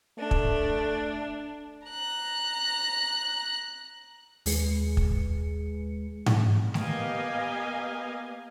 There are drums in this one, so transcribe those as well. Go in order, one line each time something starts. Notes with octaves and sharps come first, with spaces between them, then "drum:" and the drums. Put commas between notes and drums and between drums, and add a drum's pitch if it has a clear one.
A3 D4
drum: kick
A#5 F#6
D#2 G#3 G#4 B4 C#7, drum: open hi-hat
drum: kick
drum: tom G#2
A#3 B3 G4 D#5 F5 G#5, drum: snare A3